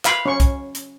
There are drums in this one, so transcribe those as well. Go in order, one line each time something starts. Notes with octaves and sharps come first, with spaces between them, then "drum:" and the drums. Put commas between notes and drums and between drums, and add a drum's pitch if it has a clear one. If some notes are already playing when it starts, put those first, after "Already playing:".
F5 B5, drum: clap
C#4 C#6
drum: kick, hi-hat
drum: hi-hat